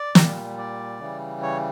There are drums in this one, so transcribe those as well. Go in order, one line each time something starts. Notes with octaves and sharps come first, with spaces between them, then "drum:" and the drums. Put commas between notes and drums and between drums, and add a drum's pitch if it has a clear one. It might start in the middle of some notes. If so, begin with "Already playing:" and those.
Already playing: D5
A#2 G3, drum: snare
D5
C#3 E3 G3
C#5